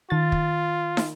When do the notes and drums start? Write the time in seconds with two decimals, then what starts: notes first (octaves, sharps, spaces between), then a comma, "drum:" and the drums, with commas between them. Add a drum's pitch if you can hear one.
0.10 D#3 F4 A6
0.32 drum: kick
0.97 drum: snare